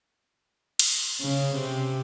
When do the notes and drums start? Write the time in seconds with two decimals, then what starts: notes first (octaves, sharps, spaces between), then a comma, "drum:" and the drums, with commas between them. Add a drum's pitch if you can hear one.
0.79 drum: cymbal
1.21 C#3
1.55 C3